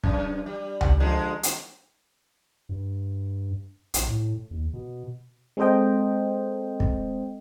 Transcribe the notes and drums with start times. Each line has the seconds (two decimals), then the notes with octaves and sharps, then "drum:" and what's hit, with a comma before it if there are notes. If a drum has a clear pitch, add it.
0.04 F#2, drum: kick
0.46 G3
0.81 drum: tom C#2
1.00 D3 F3 G#3
1.43 drum: hi-hat
2.69 G2
3.94 A#1, drum: hi-hat
4.08 A2
4.51 D#2
4.73 B2
5.57 G#3 C4 A4 C5 D#5 G5
6.80 drum: kick